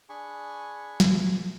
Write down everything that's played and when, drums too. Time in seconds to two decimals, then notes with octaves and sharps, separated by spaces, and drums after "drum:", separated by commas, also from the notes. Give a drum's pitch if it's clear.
0.09 D4 G#4 G#5 B5 C#6
1.00 drum: snare